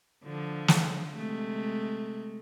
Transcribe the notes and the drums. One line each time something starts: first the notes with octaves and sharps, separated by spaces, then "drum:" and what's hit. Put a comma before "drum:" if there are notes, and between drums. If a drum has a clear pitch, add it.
D3 F3
drum: snare
C3 G#3 A3